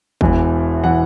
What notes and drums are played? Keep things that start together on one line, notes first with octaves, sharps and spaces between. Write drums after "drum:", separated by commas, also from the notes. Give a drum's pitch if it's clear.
E1 E2 E3, drum: kick
E3 F#5